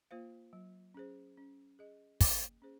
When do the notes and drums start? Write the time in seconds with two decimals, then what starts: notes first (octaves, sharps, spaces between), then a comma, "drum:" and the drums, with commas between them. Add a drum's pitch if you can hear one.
0.11 A#3 F4 C5 F5
0.53 F#3
0.94 C#4 G#4 C5
1.37 C#4
1.79 G#4 D#5
2.21 A#3, drum: kick, open hi-hat
2.62 C#4 G#4 C5